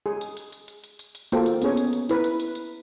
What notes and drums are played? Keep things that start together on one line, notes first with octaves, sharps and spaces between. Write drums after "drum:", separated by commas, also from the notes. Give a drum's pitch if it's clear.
G#4
drum: hi-hat
drum: hi-hat
drum: hi-hat
drum: hi-hat
drum: hi-hat
drum: hi-hat
drum: hi-hat
A#3 F4 F#4 A4 C5 G5, drum: hi-hat
drum: hi-hat
B3 C#4 G#4 C#5, drum: hi-hat
drum: hi-hat
drum: hi-hat
E4 B4, drum: hi-hat
drum: hi-hat
drum: hi-hat
drum: hi-hat